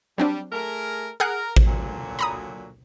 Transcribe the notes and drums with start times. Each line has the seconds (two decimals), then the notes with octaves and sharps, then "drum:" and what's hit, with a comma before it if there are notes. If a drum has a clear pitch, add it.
0.18 F#3 G3 C4 D4
0.52 A3 G#4 A#4
1.20 G#4 A#4 F#5 F#6
1.56 drum: kick A1
1.66 A#2 D3 F#3
2.19 A#5 B5 D#6